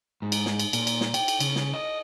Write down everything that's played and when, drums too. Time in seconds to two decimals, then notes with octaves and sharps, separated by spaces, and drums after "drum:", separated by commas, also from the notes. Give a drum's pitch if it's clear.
0.22 G#2
0.32 drum: cymbal
0.46 drum: snare
0.59 drum: cymbal
0.73 A#2, drum: cymbal
0.87 drum: cymbal
1.01 drum: snare
1.14 G5, drum: cymbal
1.28 drum: cymbal
1.40 C#3, drum: cymbal
1.56 drum: snare
1.74 D#5